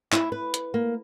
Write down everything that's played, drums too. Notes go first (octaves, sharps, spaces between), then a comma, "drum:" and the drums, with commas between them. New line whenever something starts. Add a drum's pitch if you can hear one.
E4, drum: clap
B4
drum: hi-hat
A#3